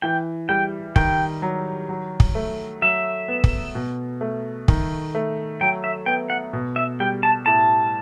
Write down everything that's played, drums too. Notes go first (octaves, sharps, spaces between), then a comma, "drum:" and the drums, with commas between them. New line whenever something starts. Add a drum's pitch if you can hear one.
E3 G5
G3 G5
D#3 G5, drum: kick
F#3
F#3
drum: kick
A3
F#3 E5
B3
drum: kick
B2
A3
D#3, drum: kick
A3
F#3 G5
E5
B3 G5
F#5
B2
E5
G3 G5
A5
A2 A5